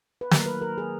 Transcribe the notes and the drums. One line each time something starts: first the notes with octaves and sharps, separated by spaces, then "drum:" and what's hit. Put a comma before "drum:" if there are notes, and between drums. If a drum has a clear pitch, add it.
B4
D#3 F#3 A#3 A#4, drum: snare
B4
A#4
G#4